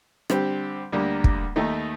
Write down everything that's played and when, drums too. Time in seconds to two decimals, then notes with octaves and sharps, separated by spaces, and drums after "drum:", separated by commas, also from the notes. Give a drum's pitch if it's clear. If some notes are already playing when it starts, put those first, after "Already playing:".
0.30 D3 G3 C4 G4, drum: rim click
0.92 D2 D3 G3 A#3
1.24 drum: kick
1.56 D#2 D#3 A3 D#4